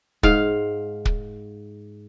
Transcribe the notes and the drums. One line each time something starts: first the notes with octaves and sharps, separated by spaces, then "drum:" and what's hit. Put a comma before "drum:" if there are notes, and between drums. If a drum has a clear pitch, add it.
G#2 F5, drum: kick
drum: kick